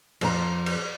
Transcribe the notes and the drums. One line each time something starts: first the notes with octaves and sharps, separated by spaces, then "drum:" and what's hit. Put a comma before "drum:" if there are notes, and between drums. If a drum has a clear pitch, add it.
F2 C5 A#5, drum: cymbal
drum: cymbal